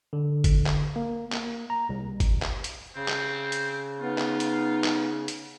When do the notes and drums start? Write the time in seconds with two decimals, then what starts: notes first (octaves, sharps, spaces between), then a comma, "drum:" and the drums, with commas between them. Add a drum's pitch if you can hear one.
0.13 D3
0.44 drum: kick G1, hi-hat
0.66 drum: clap
0.96 A#3
1.32 A#3, drum: clap
1.70 A#5
1.89 C2
2.20 drum: kick G1, hi-hat
2.42 drum: clap
2.64 drum: hi-hat
2.96 C#3 C4
3.08 drum: clap
3.52 drum: hi-hat
4.00 B3 D#4 F4
4.18 drum: clap
4.40 drum: hi-hat
4.84 drum: clap
5.28 drum: hi-hat